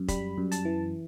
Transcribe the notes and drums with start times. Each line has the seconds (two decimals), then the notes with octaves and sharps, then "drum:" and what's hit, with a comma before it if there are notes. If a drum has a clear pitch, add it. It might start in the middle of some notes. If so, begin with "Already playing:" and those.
Already playing: F#2
0.08 G3 B5, drum: kick F1, hi-hat
0.38 F#2
0.52 A5, drum: hi-hat
0.65 E3